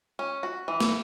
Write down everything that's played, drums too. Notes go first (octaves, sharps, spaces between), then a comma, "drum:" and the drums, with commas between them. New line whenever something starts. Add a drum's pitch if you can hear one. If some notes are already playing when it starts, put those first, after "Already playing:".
C#4
F#4
E3
drum: snare